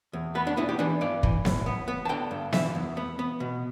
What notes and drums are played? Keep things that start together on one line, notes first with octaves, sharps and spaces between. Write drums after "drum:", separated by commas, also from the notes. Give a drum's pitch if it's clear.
E2
B3 B4
D4
B3 E4
G4
E3 D4
G2 D5
E3, drum: kick
A2, drum: snare B3
B3
B3
A5
D3 G5
G2
E3 E5, drum: snare B3
E2
B3
B3
B2